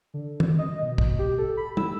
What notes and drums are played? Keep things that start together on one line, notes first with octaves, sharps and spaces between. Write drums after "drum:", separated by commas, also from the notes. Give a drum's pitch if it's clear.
D3
drum: tom
D#5
B2
drum: kick
G4
A4
B5
E6, drum: tom